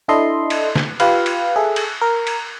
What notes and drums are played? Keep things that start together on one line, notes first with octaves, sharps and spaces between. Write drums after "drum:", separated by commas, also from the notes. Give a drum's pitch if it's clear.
D4 E4 A4 D#5 C6
drum: cymbal
drum: snare
F4 G4 B4 F5, drum: cymbal
drum: cymbal
G#4 A4 E5
drum: cymbal
A#4
drum: cymbal